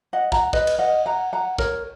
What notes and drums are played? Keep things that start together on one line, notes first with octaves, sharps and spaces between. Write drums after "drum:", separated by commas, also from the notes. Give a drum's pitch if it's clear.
D#5 F#5
F#5 A#5, drum: kick
B4 D#5, drum: kick
drum: cymbal
D#5 F#5
F#5 A#5
F#5 A#5
A#4 C#5, drum: kick